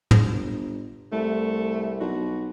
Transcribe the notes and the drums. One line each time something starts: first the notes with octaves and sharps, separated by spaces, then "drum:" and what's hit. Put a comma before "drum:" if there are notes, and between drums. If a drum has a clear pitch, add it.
G1, drum: tom
C2 A3
B1 F#4